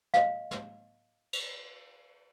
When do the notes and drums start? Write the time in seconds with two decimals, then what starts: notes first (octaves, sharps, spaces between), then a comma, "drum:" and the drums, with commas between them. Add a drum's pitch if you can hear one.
0.14 D#5 F5, drum: snare
0.51 drum: snare
1.33 drum: cymbal